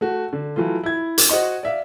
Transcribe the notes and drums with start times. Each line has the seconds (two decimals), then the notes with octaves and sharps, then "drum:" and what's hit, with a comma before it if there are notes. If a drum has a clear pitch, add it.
0.01 A3 F#4
0.33 D3
0.56 E3 F#3 A3 F4
0.83 E4 G#6
1.18 drum: hi-hat
1.29 F#4 C5 D#5 C#6
1.63 D5 E5 F5